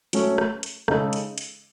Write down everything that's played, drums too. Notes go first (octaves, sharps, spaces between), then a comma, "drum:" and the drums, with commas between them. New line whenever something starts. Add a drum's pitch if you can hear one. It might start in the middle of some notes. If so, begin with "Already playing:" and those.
F#3 A3 C#4, drum: hi-hat
drum: rim click
drum: hi-hat
C#3 G#3 D#4 A4, drum: rim click
drum: hi-hat
drum: hi-hat